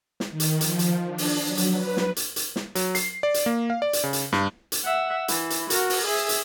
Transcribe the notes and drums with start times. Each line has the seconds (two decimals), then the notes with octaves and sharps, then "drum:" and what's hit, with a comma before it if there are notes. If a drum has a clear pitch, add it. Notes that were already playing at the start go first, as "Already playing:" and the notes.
0.20 drum: snare
0.30 D#3
0.40 drum: hi-hat
0.61 F3, drum: hi-hat
0.79 drum: hi-hat
1.08 D4
1.18 drum: open hi-hat
1.44 F#3
1.58 drum: hi-hat
1.74 B4
1.97 drum: snare
2.16 drum: hi-hat
2.36 drum: hi-hat
2.56 drum: snare
2.75 F#3, drum: hi-hat
2.95 C7, drum: hi-hat
3.23 D5
3.34 drum: hi-hat
3.46 A#3
3.70 F5
3.82 D5
3.93 drum: hi-hat
4.04 C#3
4.13 drum: hi-hat
4.32 G2, drum: snare
4.72 drum: hi-hat
4.84 E5 F#5
5.28 E3, drum: hi-hat
5.50 drum: hi-hat
5.70 F#4 A#4, drum: hi-hat
5.90 drum: open hi-hat
6.06 G#4 E5
6.29 drum: hi-hat